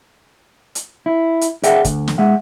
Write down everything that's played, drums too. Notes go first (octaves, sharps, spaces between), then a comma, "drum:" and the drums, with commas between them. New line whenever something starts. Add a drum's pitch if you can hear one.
drum: hi-hat
E4
drum: hi-hat
G#4 D5 E5 F#5 G5, drum: hi-hat
D2, drum: kick, hi-hat
drum: snare
G#3 E5 F#5